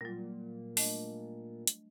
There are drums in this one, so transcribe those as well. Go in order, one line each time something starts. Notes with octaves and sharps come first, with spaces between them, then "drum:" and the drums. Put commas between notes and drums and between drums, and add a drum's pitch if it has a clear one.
A#2 F#3 G3
A3 D4 D#5, drum: open hi-hat
drum: hi-hat